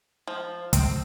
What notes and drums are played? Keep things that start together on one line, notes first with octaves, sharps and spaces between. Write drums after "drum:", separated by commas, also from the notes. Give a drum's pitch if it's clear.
F3
C4, drum: kick, hi-hat